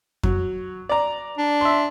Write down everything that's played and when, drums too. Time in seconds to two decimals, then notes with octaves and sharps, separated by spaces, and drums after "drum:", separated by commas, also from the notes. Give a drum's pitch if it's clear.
0.24 F#3, drum: kick F2
0.89 D5 A#5
1.37 D4
1.61 E5 C6